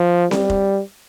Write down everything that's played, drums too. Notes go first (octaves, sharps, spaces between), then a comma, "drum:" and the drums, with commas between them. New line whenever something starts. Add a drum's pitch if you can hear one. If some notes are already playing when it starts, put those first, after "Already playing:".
Already playing: F3
G3, drum: snare C4
drum: kick F1